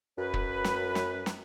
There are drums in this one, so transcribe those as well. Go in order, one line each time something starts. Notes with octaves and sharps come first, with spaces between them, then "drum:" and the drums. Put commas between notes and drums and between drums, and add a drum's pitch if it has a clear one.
F#2 B4
drum: kick
drum: snare
drum: snare
drum: snare